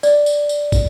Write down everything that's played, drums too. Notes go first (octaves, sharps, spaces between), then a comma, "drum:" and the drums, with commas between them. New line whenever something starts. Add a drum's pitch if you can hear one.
D5, drum: tambourine
drum: tambourine
drum: tambourine
drum: kick, tambourine